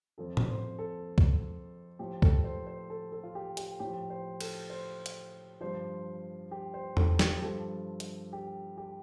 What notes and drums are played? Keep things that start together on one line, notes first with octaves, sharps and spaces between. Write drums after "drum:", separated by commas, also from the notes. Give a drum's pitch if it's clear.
F2 F3 A4
drum: tom A2
C5
A4
drum: kick
A2 F3 G4
A4, drum: kick
C5
C5
A4
A4
F4
G4
G4, drum: hi-hat
A2 F3 G4
C5
A4, drum: cymbal
C5
drum: hi-hat
G2 F3 C5
G4
C5
A4, drum: tom E2
G4, drum: snare
G2 F3 A4
drum: hi-hat
G4
G4